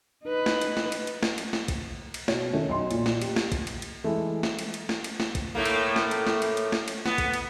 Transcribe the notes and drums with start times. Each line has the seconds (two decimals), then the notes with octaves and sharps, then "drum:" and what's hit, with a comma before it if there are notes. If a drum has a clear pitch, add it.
0.25 D#4 B4
0.46 drum: snare
0.61 drum: cymbal
0.77 drum: snare
0.92 drum: cymbal
1.07 drum: cymbal
1.23 drum: snare
1.38 drum: cymbal
1.53 drum: snare
1.68 drum: kick, cymbal
2.14 drum: cymbal
2.28 B2 C#5, drum: snare
2.53 D#3 A3 C#4
2.69 B1 C6
2.91 A#2, drum: cymbal
3.06 drum: snare
3.22 G4, drum: cymbal
3.36 drum: snare
3.52 drum: kick, cymbal
3.67 drum: cymbal
3.82 drum: cymbal
4.04 E3 G#3 A3
4.43 drum: snare
4.59 drum: cymbal
4.74 drum: cymbal
4.89 drum: snare
5.04 drum: cymbal
5.20 drum: snare
5.35 drum: kick, cymbal
5.55 A2 A3 A#3
5.65 drum: cymbal
5.96 drum: snare
6.11 drum: cymbal
6.27 drum: snare
6.42 drum: cymbal
6.57 drum: cymbal
6.72 drum: snare
6.88 drum: cymbal
7.06 B3, drum: snare
7.18 drum: kick, cymbal
7.33 drum: cymbal